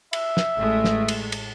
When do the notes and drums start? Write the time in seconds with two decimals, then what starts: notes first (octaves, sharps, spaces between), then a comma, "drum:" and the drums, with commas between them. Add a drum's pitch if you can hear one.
0.13 E5, drum: cymbal
0.37 drum: snare
0.58 A1 G#3 A3
0.85 drum: snare
1.08 drum: cymbal
1.32 drum: cymbal